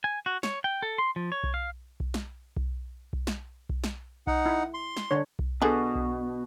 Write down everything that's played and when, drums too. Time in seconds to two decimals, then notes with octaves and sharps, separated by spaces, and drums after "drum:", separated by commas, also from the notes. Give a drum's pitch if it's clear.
0.04 G#5
0.26 F#4
0.43 C#5, drum: snare
0.64 G5
0.82 A4
0.98 C6
1.16 F3
1.32 C#5
1.44 drum: kick B1
1.54 F5
2.00 drum: kick B1
2.14 drum: snare
2.57 drum: kick B1
3.13 drum: kick B1
3.27 drum: snare
3.69 drum: kick B1
3.84 drum: snare
4.27 D#4 F#5, drum: kick B1
4.46 E4
4.74 C6
4.97 drum: snare
5.11 D3 D4 C#5
5.39 drum: kick B1
5.62 B2 D3 B3 G#4
5.95 drum: kick B1